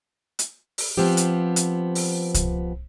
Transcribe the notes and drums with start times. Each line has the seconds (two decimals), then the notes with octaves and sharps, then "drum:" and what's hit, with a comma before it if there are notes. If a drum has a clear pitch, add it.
0.39 drum: hi-hat
0.78 drum: open hi-hat
0.97 F3 B3 C4 G4
1.17 drum: hi-hat
1.56 drum: hi-hat
1.95 drum: open hi-hat
2.34 drum: kick C2, hi-hat